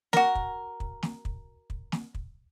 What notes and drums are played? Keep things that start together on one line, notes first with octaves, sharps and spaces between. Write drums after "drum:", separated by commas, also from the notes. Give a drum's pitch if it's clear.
F#4 A#4, drum: snare
drum: kick
drum: kick
drum: snare
drum: kick
drum: kick
drum: snare
drum: kick